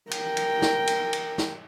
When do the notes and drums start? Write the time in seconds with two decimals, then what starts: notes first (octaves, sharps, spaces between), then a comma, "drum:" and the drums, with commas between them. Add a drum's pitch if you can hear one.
0.11 A#4 G5, drum: cymbal
0.37 drum: cymbal
0.62 drum: snare
0.87 drum: cymbal
1.13 drum: cymbal
1.38 drum: snare